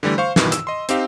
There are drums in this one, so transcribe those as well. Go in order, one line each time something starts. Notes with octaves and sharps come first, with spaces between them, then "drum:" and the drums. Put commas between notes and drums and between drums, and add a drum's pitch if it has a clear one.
D3 E3 G3 A3
C5 F5 C#6
G2 B2 D#3 E3, drum: snare
E6, drum: hi-hat
D#5 C6
C4 D#4 G4 F5, drum: hi-hat